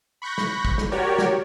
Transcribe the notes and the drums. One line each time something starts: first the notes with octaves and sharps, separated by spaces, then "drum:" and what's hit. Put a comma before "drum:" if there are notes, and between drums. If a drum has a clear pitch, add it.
B5 C#6 F#6 G6 A#6
drum: snare
drum: kick
drum: snare
F#4 G4 A#4 C#5 D5
drum: snare